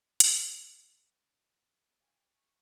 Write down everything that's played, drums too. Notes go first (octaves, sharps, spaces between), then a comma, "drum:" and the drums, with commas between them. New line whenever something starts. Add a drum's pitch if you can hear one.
drum: hi-hat
F5 G5 G#5 C#6